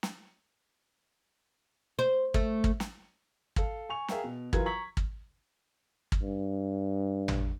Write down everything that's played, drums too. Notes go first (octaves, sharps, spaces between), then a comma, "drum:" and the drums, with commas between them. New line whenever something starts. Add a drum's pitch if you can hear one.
drum: snare
C5
A3, drum: kick
drum: kick
drum: snare
A4 F5, drum: kick
G#5 C#6 F7
G#4 A#4 E5 F5 G5, drum: snare
B2
E3 F#3 F4 A#4 B4 G#6, drum: kick
A#5 C#6 G#6 B6 F#7
drum: kick
drum: kick
G2
drum: tom